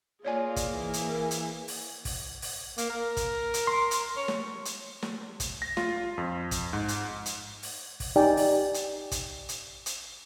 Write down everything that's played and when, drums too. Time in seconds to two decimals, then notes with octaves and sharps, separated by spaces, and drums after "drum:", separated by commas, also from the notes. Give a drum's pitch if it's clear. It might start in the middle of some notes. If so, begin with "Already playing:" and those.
0.25 A#3 F4 G#4 C#5 D5 G#5
0.56 drum: kick, hi-hat
0.71 E3
0.94 drum: hi-hat
1.09 A#4
1.31 drum: hi-hat
1.68 drum: open hi-hat
2.05 drum: kick, open hi-hat
2.42 drum: open hi-hat
2.78 A#3, drum: hi-hat
2.90 A#4
3.17 drum: kick, hi-hat
3.54 drum: hi-hat
3.67 C6
3.91 drum: hi-hat
4.17 C#5
4.28 drum: snare
4.65 drum: hi-hat
5.02 drum: snare
5.40 drum: kick, hi-hat
5.62 A#6
5.77 F4, drum: snare
6.18 F2
6.51 drum: kick, hi-hat
6.73 G#2
6.88 drum: hi-hat
7.26 drum: hi-hat
7.63 drum: open hi-hat
8.00 drum: kick, open hi-hat
8.16 D#4 G4 D5 G5 G#5
8.37 drum: open hi-hat
8.74 drum: hi-hat
9.11 drum: kick, hi-hat
9.49 drum: hi-hat
9.86 drum: hi-hat